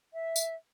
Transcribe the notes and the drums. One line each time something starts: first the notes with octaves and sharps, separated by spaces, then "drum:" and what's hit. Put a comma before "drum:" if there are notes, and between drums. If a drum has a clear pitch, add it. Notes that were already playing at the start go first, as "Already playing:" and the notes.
E5
drum: tambourine